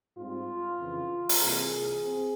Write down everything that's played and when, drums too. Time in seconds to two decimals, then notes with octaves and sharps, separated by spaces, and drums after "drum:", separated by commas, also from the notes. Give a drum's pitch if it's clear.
0.17 G#2 G3 C4 F4
0.79 F2 C#3 E3
1.29 drum: open hi-hat
1.42 C2 C3 E3 A#3 G#4
2.05 C4